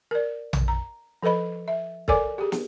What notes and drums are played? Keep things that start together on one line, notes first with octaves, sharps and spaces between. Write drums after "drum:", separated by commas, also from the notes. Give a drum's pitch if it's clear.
A#4 D5
drum: tom A#1
A#5
F3 A4 B4 D#5 B5
E5
A4 A#4 C#5 D5 G#5 D6, drum: kick
G4 G#4
drum: snare